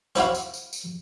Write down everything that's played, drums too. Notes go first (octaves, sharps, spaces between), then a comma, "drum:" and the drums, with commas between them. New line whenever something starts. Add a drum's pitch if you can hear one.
C4 E4 F#4 F5, drum: tambourine
drum: tambourine
drum: tambourine
drum: tambourine